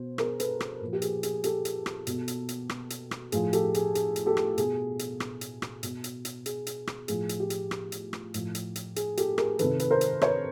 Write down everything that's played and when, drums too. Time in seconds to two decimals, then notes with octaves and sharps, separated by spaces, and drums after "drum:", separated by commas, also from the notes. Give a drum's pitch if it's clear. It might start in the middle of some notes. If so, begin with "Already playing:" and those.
Already playing: B2 C5
0.18 G#4 A#4, drum: rim click
0.40 A4 B4, drum: hi-hat
0.60 drum: rim click
0.82 A#2 F3
0.93 G4
1.02 G#4, drum: hi-hat
1.23 G#4, drum: hi-hat
1.44 G4 A4, drum: hi-hat
1.65 drum: hi-hat
1.86 drum: rim click
2.07 B2, drum: hi-hat
2.28 drum: hi-hat
2.49 drum: hi-hat
2.69 drum: rim click
2.90 drum: hi-hat
3.11 drum: rim click
3.32 A2 F3 G#4, drum: hi-hat
3.53 G4 A4, drum: hi-hat
3.74 G#4, drum: hi-hat
3.95 G#4, drum: hi-hat
4.16 drum: hi-hat
4.26 G4 A4
4.37 drum: rim click
4.58 B2 G#4, drum: hi-hat
4.99 drum: hi-hat
5.20 drum: rim click
5.41 drum: hi-hat
5.62 drum: rim click
5.83 B2, drum: hi-hat
6.04 drum: hi-hat
6.25 drum: hi-hat
6.46 G#4, drum: hi-hat
6.67 drum: hi-hat
6.87 drum: rim click
7.08 A2 F3 G#4, drum: hi-hat
7.29 drum: hi-hat
7.40 G4
7.50 drum: hi-hat
7.71 drum: rim click
7.92 drum: hi-hat
8.13 drum: rim click
8.34 A2 F3, drum: hi-hat
8.55 drum: hi-hat
8.76 drum: hi-hat
8.96 G#4, drum: hi-hat
9.17 G4 A4, drum: hi-hat
9.38 G#4 A#4, drum: rim click
9.59 C3 D#3 A4 B4, drum: hi-hat
9.80 B4, drum: hi-hat
9.91 A#4 C5
10.01 drum: hi-hat
10.21 B4 C#5, drum: rim click